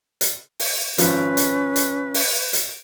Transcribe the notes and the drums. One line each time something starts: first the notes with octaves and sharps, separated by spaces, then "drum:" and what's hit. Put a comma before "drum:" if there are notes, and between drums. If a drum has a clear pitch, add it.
drum: hi-hat
drum: open hi-hat
G#1 F3 C#4 B4, drum: hi-hat
drum: hi-hat
drum: hi-hat
drum: open hi-hat
drum: hi-hat